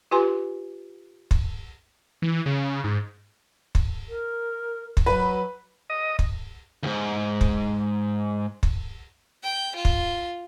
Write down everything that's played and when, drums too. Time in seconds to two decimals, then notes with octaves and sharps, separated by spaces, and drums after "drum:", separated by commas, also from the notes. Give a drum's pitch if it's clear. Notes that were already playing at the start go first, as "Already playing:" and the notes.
0.11 F4 G4 B4 G#5 C6
1.31 drum: kick
2.22 E3
2.46 C#3
2.84 G#2
3.75 drum: kick
4.09 A#4
4.97 drum: kick
5.06 F#3 B4
5.90 D#5
6.19 drum: kick
6.83 D2 G#2
7.41 drum: kick
8.63 drum: kick
9.43 G5
9.75 F4
9.85 drum: kick